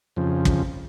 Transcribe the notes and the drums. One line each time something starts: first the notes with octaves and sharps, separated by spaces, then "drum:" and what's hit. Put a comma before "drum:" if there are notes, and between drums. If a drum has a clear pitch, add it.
F2 C#3 F3
drum: kick